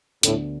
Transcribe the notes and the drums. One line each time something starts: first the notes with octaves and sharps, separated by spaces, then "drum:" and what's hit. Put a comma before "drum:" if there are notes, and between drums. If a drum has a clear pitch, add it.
D2 A2 D3 B3 D4, drum: hi-hat